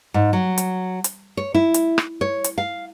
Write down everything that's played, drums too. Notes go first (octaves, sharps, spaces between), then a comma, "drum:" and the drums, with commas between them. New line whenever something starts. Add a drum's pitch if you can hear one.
G#2
F#3
drum: hi-hat
drum: hi-hat
C#5
E4
drum: hi-hat
drum: rim click
C#5
drum: hi-hat
F5